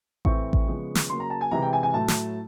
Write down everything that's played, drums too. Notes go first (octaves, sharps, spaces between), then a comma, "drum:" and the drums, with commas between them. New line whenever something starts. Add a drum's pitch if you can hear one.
A2 E3 A3 C4 C#6, drum: kick A1
drum: kick A1
C#3 F3 G#3 B3
drum: snare
C#3 F#3 A#3 C6
A#5
A5
G#5
C3 E3 G#3 A#5
G5
G#5
G#5
A2 F#3 A3 A5
drum: snare